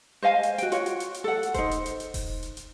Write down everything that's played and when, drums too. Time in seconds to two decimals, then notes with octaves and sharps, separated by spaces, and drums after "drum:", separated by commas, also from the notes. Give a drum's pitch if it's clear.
0.22 C5 D#5 F5 G#5
0.43 drum: hi-hat
0.58 F#4 G5, drum: hi-hat
0.72 F4 F#4 C#5, drum: hi-hat
0.86 drum: hi-hat
1.00 drum: hi-hat
1.14 drum: hi-hat
1.24 A4 F#5
1.43 drum: hi-hat
1.54 D#4 C5, drum: kick E1, hi-hat
1.71 drum: hi-hat
1.86 drum: hi-hat
2.00 drum: hi-hat
2.14 drum: kick E1, open hi-hat
2.43 drum: hi-hat
2.57 drum: hi-hat